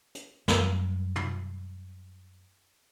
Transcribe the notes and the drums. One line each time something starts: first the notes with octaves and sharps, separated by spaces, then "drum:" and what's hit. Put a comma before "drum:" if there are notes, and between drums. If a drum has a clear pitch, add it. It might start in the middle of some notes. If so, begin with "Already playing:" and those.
drum: hi-hat
F#2 F#3 G3, drum: snare
drum: tom